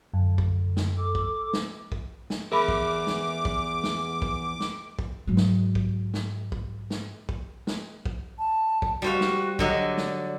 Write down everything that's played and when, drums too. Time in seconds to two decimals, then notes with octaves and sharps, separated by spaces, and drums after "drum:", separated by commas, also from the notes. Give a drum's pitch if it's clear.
0.14 F#2 D3
0.38 drum: kick
0.77 drum: snare
0.97 A4 D6
1.15 drum: kick
1.53 drum: snare
1.92 drum: kick
2.30 drum: snare
2.52 E2 G#4 A#4 E5 B5 D6
2.68 drum: kick
3.07 drum: snare
3.45 drum: kick
3.83 drum: snare
4.22 drum: kick
4.60 drum: snare
4.99 drum: kick
5.27 G#2 F#3
5.37 drum: snare
5.75 drum: kick
6.14 drum: snare
6.52 drum: kick
6.90 drum: snare
7.29 drum: kick
7.67 drum: snare
8.05 drum: kick
8.39 A5
8.82 drum: kick
9.02 G3 F#4 C5 F5
9.21 drum: snare
9.59 D3 F#3 D5 D#5, drum: kick
9.97 drum: snare